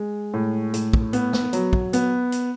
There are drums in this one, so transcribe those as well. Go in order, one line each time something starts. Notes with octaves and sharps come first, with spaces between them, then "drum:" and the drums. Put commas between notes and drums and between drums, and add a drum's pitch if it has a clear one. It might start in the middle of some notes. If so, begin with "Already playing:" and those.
Already playing: G#3
A2
A2, drum: hi-hat
drum: kick
B3, drum: hi-hat
drum: snare
F#3, drum: hi-hat
drum: kick
B3, drum: hi-hat
drum: hi-hat